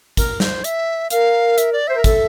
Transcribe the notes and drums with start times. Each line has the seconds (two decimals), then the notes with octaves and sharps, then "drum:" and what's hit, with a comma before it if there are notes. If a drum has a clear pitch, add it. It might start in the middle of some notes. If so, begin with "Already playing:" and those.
0.17 A#4, drum: kick, hi-hat
0.40 C5, drum: snare
0.64 E5, drum: hi-hat
1.10 A#4 F5, drum: hi-hat
1.58 E5, drum: hi-hat
1.73 D5
1.88 C5 E5
1.96 A#4
2.04 A4, drum: kick, hi-hat